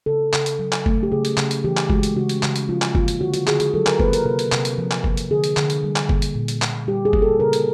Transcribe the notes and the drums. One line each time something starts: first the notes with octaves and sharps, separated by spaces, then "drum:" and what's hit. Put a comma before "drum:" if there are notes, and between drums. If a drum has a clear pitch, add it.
C#3 A4
C#3, drum: clap
drum: hi-hat
F#3
drum: clap
A3, drum: kick G1
G4
C#3 G#4
drum: hi-hat
C#3, drum: clap
drum: hi-hat
E3 G4
drum: clap
G#3 F#4, drum: kick G1
drum: hi-hat
C#3 F#4
drum: hi-hat
C#3, drum: clap
drum: hi-hat
F3 F4
drum: clap
A#3 F4, drum: kick G1
drum: hi-hat
D3 F#4
F#4, drum: hi-hat
D3 G#4, drum: clap
G#4, drum: hi-hat
F#3 A4
A#4, drum: clap
A#3 B4, drum: kick G1
A#4, drum: hi-hat
C3 A#4
drum: hi-hat
C3, drum: clap
drum: hi-hat
F3
drum: clap
A#3, drum: kick G1
drum: hi-hat
D3 G#4
drum: hi-hat
D3, drum: clap
drum: hi-hat
G3
drum: clap
A#3, drum: kick G1
drum: hi-hat
A#2
drum: hi-hat
A#2, drum: clap
G3 G4
G#4
A#3, drum: kick G1
A4
C#3 A#4
drum: hi-hat